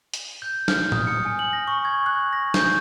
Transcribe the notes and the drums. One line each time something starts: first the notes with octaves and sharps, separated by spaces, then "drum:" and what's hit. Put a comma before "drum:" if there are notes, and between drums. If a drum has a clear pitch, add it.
drum: hi-hat
G6
F6, drum: snare
D#6, drum: tom A2
C#7
G#5
F#7
A#6
C#6
G#6
F#6
A#6
G6, drum: snare